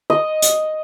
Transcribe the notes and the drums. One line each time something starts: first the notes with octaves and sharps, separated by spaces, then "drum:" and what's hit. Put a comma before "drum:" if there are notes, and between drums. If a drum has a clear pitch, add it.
D#5
drum: hi-hat